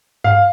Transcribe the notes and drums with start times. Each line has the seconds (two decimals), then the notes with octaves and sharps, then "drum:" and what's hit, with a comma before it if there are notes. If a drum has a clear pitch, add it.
0.24 F5, drum: tom G2